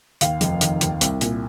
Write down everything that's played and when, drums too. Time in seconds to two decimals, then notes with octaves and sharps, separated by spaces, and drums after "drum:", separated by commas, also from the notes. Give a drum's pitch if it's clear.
0.21 D#2 F5, drum: hi-hat
0.41 F1, drum: hi-hat
0.61 D#3, drum: hi-hat
0.81 D#2, drum: hi-hat
1.01 C2, drum: hi-hat
1.21 A#2, drum: hi-hat